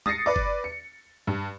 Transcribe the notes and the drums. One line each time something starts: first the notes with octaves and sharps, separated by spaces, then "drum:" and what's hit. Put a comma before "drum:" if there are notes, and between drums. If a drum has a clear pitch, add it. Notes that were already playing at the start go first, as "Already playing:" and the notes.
D#6 A6 A#6 C7 C#7, drum: tom
B4 D5 D6
drum: kick F#1
C#7
G2